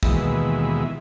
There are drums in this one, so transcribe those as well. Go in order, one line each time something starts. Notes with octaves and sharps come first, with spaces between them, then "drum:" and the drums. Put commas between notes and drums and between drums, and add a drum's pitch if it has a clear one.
D#2 B2 E3 G#3 E5, drum: kick